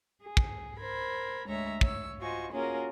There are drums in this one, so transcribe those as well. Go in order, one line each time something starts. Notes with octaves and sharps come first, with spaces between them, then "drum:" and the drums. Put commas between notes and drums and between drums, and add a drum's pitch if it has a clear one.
G#4
drum: kick
A#4 C5 B5 G#6
D2 G#3 A3 C#5 E5 A#5
C#5 E6, drum: kick
F4 F#4 C5 D#5 G#5 C#6
A#3 C#4 F4 F#4 G#4 A#4